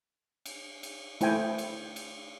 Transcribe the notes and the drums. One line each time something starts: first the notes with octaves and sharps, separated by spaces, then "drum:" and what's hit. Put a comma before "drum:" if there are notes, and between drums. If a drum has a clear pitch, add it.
drum: cymbal
drum: cymbal
A3 E4 C5 G5 G#5, drum: cymbal
drum: cymbal
drum: cymbal